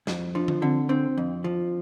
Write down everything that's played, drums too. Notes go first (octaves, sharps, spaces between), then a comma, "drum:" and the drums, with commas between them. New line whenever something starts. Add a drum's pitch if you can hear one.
F2, drum: snare
F3 D4
drum: tom D3
D3 C4
C4 D4
F2
F3